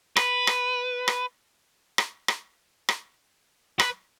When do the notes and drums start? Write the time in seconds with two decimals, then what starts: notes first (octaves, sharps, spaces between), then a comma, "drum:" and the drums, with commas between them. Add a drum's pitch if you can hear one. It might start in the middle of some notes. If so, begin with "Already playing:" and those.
0.16 B4, drum: rim click
0.47 drum: rim click
1.08 drum: rim click
1.98 drum: rim click
2.28 drum: rim click
2.89 drum: rim click
3.80 B4, drum: rim click